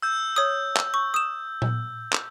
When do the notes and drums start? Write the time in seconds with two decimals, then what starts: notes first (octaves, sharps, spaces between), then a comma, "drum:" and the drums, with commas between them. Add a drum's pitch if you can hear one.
0.02 E6 G6
0.36 C#5 D#6
0.77 drum: clap
0.94 C#6
1.14 D#6 E7
1.62 drum: tom A#2
2.13 drum: clap